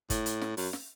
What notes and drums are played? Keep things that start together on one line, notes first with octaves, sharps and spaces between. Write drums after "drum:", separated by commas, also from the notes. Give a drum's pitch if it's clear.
A2, drum: kick, hi-hat
drum: hi-hat
drum: snare
F#2, drum: open hi-hat
drum: snare